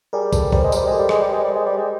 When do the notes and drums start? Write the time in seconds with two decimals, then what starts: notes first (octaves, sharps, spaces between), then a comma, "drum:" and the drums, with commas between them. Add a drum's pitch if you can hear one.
0.13 G3 G#4 A#4
0.33 A4 B4, drum: kick, tambourine
0.52 G3 A#4 C5, drum: kick
0.64 G#3
0.72 G3 A#4 C5, drum: tambourine
0.86 G#3
0.92 G4 A4
0.98 G3
1.09 G#3, drum: rim click
1.21 G3
1.32 G#3
1.44 G3
1.55 G#3
1.66 G3
1.77 G#3